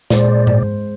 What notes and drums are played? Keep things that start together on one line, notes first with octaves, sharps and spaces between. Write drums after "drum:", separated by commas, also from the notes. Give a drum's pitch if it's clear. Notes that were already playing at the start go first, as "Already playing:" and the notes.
A#2 G#3 C5 D5, drum: snare
drum: tom G#2